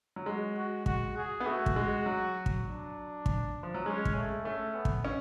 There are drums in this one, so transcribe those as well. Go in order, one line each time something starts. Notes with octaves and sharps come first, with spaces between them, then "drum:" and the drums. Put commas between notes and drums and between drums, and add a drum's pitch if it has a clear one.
F#3
G#3 F#4
F#4
F#4, drum: kick
G#4
B3
A3 F#4
drum: kick
G#3
F#3
drum: kick
D4
drum: kick
F3
F#3
G#3 C#4
drum: kick
A3
A3 C#4
B3
drum: kick
C#4